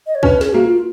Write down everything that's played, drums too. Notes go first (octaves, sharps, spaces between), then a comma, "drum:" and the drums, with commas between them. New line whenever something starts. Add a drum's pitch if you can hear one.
D#5
C#5
C#4 B4, drum: kick
G#4, drum: snare
A#3 F#4
F4